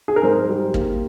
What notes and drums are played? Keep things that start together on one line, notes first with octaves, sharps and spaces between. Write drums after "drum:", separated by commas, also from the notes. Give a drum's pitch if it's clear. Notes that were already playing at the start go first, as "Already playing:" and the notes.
G#4
A#4
G#2 C5
G3
A#3, drum: kick